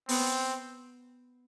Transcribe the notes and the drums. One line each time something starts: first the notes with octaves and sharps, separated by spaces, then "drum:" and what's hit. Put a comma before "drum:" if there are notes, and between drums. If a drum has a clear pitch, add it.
B3 C4, drum: open hi-hat